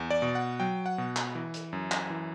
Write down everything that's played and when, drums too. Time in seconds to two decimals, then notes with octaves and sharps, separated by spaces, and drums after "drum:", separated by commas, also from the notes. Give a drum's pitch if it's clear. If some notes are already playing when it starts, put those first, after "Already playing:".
Already playing: E2
0.10 D5
0.22 B2
0.35 F#5
0.60 F#3 G5
0.86 F#5
0.98 B2
1.16 drum: clap
1.35 E3
1.54 drum: hi-hat
1.73 F#2
1.92 drum: clap
2.10 E3